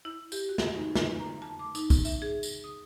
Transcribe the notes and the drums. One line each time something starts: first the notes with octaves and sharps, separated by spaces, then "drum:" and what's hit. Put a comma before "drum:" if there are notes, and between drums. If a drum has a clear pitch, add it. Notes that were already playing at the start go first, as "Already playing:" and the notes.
E4
G4, drum: tambourine
F#4
drum: snare
D#4
B4, drum: snare
A#5
A5
D6
D#4, drum: tambourine
drum: kick, tambourine
E5, drum: tambourine
G#4
drum: tambourine
D#6